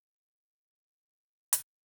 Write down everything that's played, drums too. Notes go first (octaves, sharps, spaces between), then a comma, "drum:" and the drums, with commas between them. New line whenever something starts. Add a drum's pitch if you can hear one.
C#6
A#3
drum: hi-hat